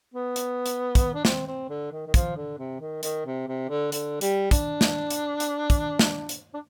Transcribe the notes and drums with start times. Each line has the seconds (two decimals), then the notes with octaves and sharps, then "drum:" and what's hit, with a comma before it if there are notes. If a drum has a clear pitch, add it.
0.14 B3
0.36 drum: hi-hat
0.66 drum: hi-hat
0.95 drum: kick, hi-hat
1.14 D4
1.25 C4, drum: snare
1.47 C4
1.69 D3
1.92 D#3
2.07 D#3
2.14 F3, drum: kick, hi-hat
2.36 D3
2.58 C3
2.80 D#3
3.03 D#3, drum: hi-hat
3.26 C3
3.47 C3
3.69 D3
3.92 D3, drum: hi-hat
4.21 G3, drum: hi-hat
4.51 D4, drum: kick, hi-hat
4.81 drum: snare
5.10 drum: hi-hat
5.40 drum: hi-hat
5.70 drum: kick, hi-hat
5.99 drum: snare
6.29 drum: hi-hat
6.54 D4